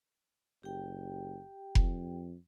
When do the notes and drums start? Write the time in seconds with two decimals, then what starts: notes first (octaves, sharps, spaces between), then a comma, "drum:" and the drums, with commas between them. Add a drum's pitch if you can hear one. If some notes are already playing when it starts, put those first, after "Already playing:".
0.63 F#1 G4 G5
1.75 F2, drum: kick F1